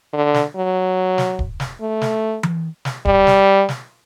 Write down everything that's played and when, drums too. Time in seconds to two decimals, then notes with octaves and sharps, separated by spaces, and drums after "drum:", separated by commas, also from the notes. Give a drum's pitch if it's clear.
0.13 D3
0.34 drum: snare
0.56 F#3
1.18 drum: snare
1.39 drum: kick
1.60 drum: snare
1.81 A3
2.01 drum: snare
2.43 drum: tom E3
2.85 drum: snare
3.05 G3, drum: kick
3.27 drum: snare
3.69 drum: snare